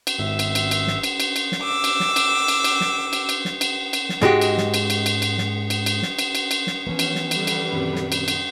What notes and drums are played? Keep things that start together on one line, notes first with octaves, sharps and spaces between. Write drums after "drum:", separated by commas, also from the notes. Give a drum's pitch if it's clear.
drum: cymbal
G#1 E5
drum: cymbal
drum: cymbal
drum: cymbal
drum: snare
drum: cymbal
drum: cymbal
drum: cymbal
drum: snare
D6 E6
drum: cymbal
drum: snare
drum: cymbal
drum: cymbal
drum: cymbal
drum: snare
drum: cymbal
drum: cymbal
drum: snare
drum: cymbal
drum: cymbal
drum: snare
G#2 G#3 F#4 G4
drum: cymbal
drum: snare
drum: cymbal
drum: cymbal
drum: cymbal
drum: cymbal
drum: snare
drum: cymbal
drum: cymbal
drum: snare
drum: cymbal
drum: cymbal
drum: cymbal
drum: snare
E3 F3 B3 C#4
drum: cymbal
drum: snare
D3 G3 B4, drum: cymbal
drum: cymbal
F#2 A#2 D#3 C4
drum: snare
drum: cymbal
drum: cymbal